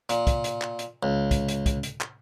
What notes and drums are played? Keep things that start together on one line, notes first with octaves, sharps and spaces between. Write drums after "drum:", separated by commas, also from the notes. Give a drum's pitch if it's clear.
A#2, drum: hi-hat
drum: kick, hi-hat
drum: hi-hat
drum: clap
drum: hi-hat
C#2
drum: kick, hi-hat
drum: hi-hat
drum: kick, hi-hat
drum: hi-hat
drum: clap